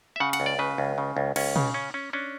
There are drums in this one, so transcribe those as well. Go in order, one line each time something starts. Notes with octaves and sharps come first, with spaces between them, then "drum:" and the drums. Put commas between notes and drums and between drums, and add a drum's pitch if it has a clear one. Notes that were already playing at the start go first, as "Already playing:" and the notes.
E5
C#3 F#5
F#5, drum: cymbal
C#2
D5
C#3 B4
C#2
C#3
C#2
C#2 C#4, drum: cymbal
C#3, drum: tom
C#4
C#4
C#4 D4